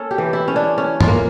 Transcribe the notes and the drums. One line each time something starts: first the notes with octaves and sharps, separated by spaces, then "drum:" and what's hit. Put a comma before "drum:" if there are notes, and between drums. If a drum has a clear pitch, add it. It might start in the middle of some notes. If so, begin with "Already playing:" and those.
Already playing: A#3 C#4 A4
G4
E3
E4
C#4
D4
C#4
F4, drum: tom G2
A#3